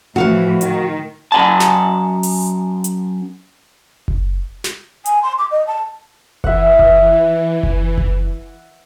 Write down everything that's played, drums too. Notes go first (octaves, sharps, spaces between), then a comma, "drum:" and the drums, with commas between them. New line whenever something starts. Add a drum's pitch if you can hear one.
A2 E3 F3 F#4 F5 F#5
D#3, drum: hi-hat
F#2 F#5 A5
drum: snare
drum: open hi-hat
drum: hi-hat
drum: kick F#1
drum: snare
G#5, drum: hi-hat
C6
D6
D#5
A5
E3 E5 F#5, drum: kick F#1
drum: kick F#1
drum: kick F#1
drum: kick F#1